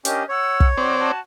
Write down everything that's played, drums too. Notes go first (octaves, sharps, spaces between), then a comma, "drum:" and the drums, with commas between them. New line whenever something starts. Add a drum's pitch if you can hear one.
C#4 D4 G4 A#4 D#5, drum: hi-hat
C#5 F#5 E6 G#6
drum: kick
C4 F#4 D5 C#6
F#4 A5